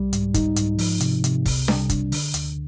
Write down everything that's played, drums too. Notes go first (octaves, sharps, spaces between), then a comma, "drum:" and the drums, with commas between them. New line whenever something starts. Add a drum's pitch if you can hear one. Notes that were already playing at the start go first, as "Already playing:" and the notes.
Already playing: C2 G3
G#2, drum: hi-hat
D#4, drum: kick, hi-hat
G#2, drum: hi-hat
F3, drum: open hi-hat
C3, drum: hi-hat
C3, drum: hi-hat
C2, drum: kick, open hi-hat
G3, drum: snare D4
D4, drum: kick, hi-hat
D3, drum: open hi-hat
D2, drum: hi-hat